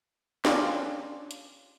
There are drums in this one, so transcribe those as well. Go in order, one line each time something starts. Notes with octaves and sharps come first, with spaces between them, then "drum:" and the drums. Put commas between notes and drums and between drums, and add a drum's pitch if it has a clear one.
C#4 D4 F4 G4, drum: snare
drum: hi-hat